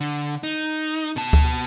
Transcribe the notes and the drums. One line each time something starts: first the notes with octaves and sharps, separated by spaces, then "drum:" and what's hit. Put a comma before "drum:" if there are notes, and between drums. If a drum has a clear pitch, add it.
D3
D#4
B2 A5
drum: kick D2